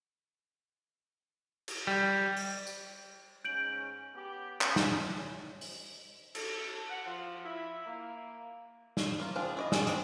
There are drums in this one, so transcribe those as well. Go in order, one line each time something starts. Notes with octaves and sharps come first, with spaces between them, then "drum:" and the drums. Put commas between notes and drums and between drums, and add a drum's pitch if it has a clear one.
drum: cymbal
G3
drum: open hi-hat
drum: tambourine
G#2 C#4 G6 D7 F#7
B3 G4
C#4, drum: clap
drum: snare
drum: open hi-hat
A4, drum: cymbal
F#5
F3
E4
A#3
drum: snare
A#3 F4
F3 C4 D4 F4 G#4
E4 D5 D#5
G3 G#3 C#4 G#4 D5, drum: snare
G3 C4 D4 F#4, drum: hi-hat